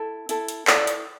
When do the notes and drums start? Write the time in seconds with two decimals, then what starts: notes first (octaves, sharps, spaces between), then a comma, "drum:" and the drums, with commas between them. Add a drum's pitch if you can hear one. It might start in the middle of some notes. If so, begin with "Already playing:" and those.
Already playing: E4 A4
0.29 E4 A4, drum: hi-hat
0.48 drum: hi-hat
0.67 E4 A4 D5, drum: clap
0.87 drum: hi-hat